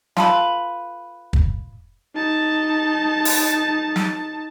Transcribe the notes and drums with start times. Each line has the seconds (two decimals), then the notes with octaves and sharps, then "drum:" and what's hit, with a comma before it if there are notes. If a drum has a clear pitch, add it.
0.17 F4 A4 B4, drum: snare
1.33 drum: kick
2.15 D#4 A5
3.25 drum: open hi-hat
3.96 drum: snare